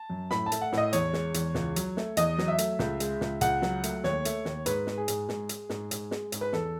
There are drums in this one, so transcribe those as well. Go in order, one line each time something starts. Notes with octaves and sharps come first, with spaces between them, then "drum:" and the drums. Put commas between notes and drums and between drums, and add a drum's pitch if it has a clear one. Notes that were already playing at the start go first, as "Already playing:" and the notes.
Already playing: A5
F#2
A2 B5, drum: snare
A5
A3, drum: hi-hat
F#5
A2, drum: snare
D#5
E2 C#5, drum: hi-hat
G#3, drum: snare
E2, drum: hi-hat
C#2, drum: snare
F#3, drum: hi-hat
A3, drum: snare
E2 D#5, drum: hi-hat
F#3, drum: snare
E5
A3, drum: hi-hat
C#2, drum: snare
G#3, drum: hi-hat
C#2, drum: snare
C#2 F#5, drum: hi-hat
F#3, drum: snare
A3, drum: hi-hat
D#2 C#5, drum: snare
A3, drum: hi-hat
D#2, drum: snare
G#2 B4, drum: hi-hat
G#3, drum: snare
G#4
G#2, drum: hi-hat
G#2, drum: snare
G#3, drum: hi-hat
G#2, drum: snare
G#2, drum: hi-hat
G#3, drum: snare
G#2, drum: hi-hat
B4
E2 A4, drum: snare